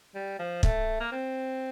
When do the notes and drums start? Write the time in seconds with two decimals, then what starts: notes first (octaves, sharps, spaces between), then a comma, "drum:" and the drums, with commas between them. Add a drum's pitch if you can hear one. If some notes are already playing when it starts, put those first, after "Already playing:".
0.15 G3
0.39 F3
0.63 A3, drum: kick
1.00 A#3
1.12 C4